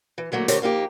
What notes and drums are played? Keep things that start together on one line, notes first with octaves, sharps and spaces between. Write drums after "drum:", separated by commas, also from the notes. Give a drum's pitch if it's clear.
E3
D3 F#3 A3 A#3
D3 A3 C4 G4 A#4 C#5, drum: hi-hat
F2 A#3 D#4 G4